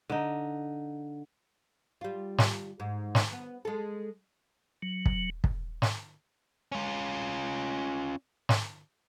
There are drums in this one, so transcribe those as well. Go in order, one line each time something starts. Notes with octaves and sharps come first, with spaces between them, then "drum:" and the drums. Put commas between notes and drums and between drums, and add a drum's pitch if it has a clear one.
D3 D#4
G3 F4
drum: snare
G#2
drum: snare
B3
G#3 A4
F#3
drum: kick
drum: kick
drum: snare
C#4 F4
drum: snare